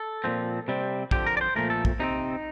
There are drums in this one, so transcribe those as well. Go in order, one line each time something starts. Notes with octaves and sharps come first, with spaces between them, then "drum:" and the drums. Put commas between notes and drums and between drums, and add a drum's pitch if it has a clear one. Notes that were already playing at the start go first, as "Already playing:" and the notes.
Already playing: A4
A#2 F3 C4
C3 G3 C4
D3 F3 C4 G4, drum: kick
A#4
D5
C5
A#2 F3 A3 A#4
A4
drum: kick
C3 G3 C4 D#4